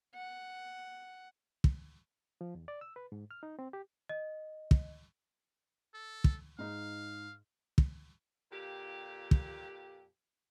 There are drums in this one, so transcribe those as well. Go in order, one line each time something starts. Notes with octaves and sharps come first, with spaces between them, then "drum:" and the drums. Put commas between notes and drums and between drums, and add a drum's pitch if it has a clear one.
F#5
drum: kick
F3
E2
D5
E6
B4
G#2
F6
D#4
C4
G4
D#5
drum: kick
A4
drum: kick
G#2 D#4 F5
drum: kick
F2 A#2 G4
drum: kick